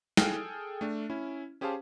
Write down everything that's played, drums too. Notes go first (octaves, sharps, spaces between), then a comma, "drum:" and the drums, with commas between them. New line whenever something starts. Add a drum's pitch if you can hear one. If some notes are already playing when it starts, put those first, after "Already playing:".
G#4 A4 G5 G#5 F6, drum: snare
A3 D4
C#4 E4
C#4 G4 G#4 C5 F5 A5